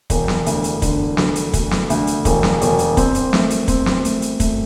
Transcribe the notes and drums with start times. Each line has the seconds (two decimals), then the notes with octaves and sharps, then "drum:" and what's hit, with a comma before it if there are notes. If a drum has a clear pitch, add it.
0.10 E1, drum: kick, hi-hat
0.28 drum: snare
0.46 D2, drum: hi-hat
0.64 drum: hi-hat
0.82 D3, drum: kick, hi-hat
1.17 D2, drum: snare
1.36 drum: hi-hat
1.53 D2, drum: kick, hi-hat
1.71 drum: snare
1.90 D2, drum: hi-hat
2.07 drum: hi-hat
2.25 E1, drum: kick, hi-hat
2.43 drum: snare
2.61 E1, drum: hi-hat
2.79 drum: hi-hat
2.97 C4, drum: kick, hi-hat
3.15 drum: hi-hat
3.33 A3, drum: snare
3.50 drum: hi-hat
3.68 C4, drum: kick, hi-hat
3.86 drum: snare
4.05 A3, drum: hi-hat
4.22 drum: hi-hat
4.40 A3, drum: kick, hi-hat